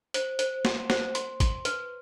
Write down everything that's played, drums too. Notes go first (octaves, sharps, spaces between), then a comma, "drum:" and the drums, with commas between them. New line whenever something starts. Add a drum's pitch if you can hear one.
C5, drum: hi-hat
C5, drum: hi-hat
C6, drum: snare
C5, drum: snare
C6, drum: hi-hat
C6, drum: kick, hi-hat
B4, drum: hi-hat